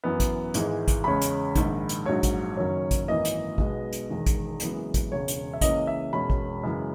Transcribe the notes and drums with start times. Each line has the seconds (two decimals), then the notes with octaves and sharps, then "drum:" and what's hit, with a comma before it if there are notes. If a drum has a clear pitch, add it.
0.04 F#2 E3 B3
0.20 drum: kick A1, hi-hat
0.54 G#1 G#2 E3 G#3, drum: hi-hat
0.88 drum: kick A1, hi-hat
1.04 E2 C#3 G#3 C#4 B5
1.22 drum: hi-hat
1.55 A#1 G#2 D#3, drum: kick A1, hi-hat
1.89 drum: hi-hat
2.06 A#1 G#2 F#3 C#5
2.23 drum: kick A1, hi-hat
2.57 F#1 F#2 D#3 F#3 C#4
2.91 drum: kick A1, hi-hat
3.08 G#1 F#2 E3 A#3 D#5
3.25 drum: hi-hat
3.58 B1 B2 G#3 B3, drum: kick A1
3.93 drum: hi-hat
4.10 E1 E2 D#3 G#3
4.26 drum: kick A1, hi-hat
4.60 F#1 F#2 E3 G#3 B3, drum: hi-hat
4.94 drum: kick A1, hi-hat
5.11 E1 E2 C#3 C#5
5.28 drum: hi-hat
5.53 E5
5.61 C#2 C#3 E3 A#3 C#4 D#5, drum: kick A1, hi-hat
5.87 E5
6.13 E1 E2 B2 G#3 C#4 B5
6.30 drum: kick A1
6.63 F#2 C#3 E3 G#3